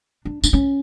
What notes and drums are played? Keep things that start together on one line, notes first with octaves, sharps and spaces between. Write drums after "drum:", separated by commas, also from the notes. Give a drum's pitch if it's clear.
D4
D4, drum: tambourine
C#4